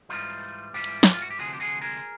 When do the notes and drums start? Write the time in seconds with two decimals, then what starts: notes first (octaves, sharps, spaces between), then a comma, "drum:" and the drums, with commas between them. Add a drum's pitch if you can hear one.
0.09 G#2 E3 G3 D#4 F4
0.73 G#2 E3 G3 F4 G4
0.84 drum: hi-hat
1.03 drum: snare
1.14 F4
1.22 F#4
1.30 G4
1.38 D2 C3 F3 F#4 G#4
1.53 G4
1.60 F#4 G#4
1.81 G#4 A#4